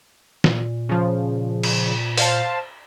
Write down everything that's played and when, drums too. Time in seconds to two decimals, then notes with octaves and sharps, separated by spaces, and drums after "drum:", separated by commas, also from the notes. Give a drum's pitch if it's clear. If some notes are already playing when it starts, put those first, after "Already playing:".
0.44 A#2, drum: snare
0.89 C#3 F3
1.63 drum: cymbal
2.18 C5 F5 A5, drum: open hi-hat